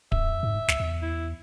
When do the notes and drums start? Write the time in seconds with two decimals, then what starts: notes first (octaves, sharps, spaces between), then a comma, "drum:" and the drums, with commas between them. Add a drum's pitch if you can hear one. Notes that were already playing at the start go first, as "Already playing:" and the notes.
0.12 F2 E5, drum: kick D1
0.43 G#2
0.68 C#2, drum: snare
0.80 E2
1.02 E4